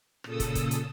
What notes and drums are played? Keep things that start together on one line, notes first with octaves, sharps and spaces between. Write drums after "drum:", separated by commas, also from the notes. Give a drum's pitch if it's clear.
A#2 C#3 A4 D#6 E6, drum: rim click
drum: kick, hi-hat
drum: kick, hi-hat
drum: hi-hat